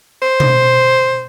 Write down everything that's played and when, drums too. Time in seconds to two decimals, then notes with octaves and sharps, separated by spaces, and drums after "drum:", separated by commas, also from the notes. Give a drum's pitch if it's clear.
0.22 C5
0.40 drum: tom